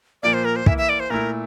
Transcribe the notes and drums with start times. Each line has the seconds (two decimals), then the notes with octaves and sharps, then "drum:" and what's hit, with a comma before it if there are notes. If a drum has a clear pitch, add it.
0.23 A#2 F3 A#3 D5
0.33 C5
0.45 A#4
0.56 C5
0.66 E3 A#3 E4 E5, drum: kick
0.78 E5
0.89 D5
1.00 C5
1.10 A#2 A3 E4 A#4